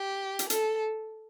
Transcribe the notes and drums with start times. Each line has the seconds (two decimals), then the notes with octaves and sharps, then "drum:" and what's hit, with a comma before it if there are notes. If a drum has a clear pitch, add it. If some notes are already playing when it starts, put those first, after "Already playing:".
Already playing: G4
0.39 drum: hi-hat
0.50 A4, drum: hi-hat